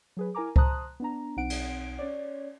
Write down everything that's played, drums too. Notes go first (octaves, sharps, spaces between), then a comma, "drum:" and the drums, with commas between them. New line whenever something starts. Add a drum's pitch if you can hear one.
F#3 G#4 B4
E4 A#4 G#5 A#5 D6
C5 A5 A#5 C6 D#6 F#6, drum: kick C#2
B3 D4 A#5
B1 C4 D#4 F#5 D7
drum: cymbal
C#4 C#5 D5